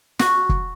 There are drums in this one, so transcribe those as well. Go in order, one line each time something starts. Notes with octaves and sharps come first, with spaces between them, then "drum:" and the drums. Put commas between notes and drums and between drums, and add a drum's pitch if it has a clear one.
F#4, drum: snare
drum: kick